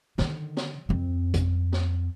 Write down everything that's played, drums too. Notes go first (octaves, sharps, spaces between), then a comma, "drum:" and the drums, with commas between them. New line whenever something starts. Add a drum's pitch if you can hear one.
D3 D#3, drum: snare
drum: snare
F2 C4
drum: kick G#1, hi-hat
drum: snare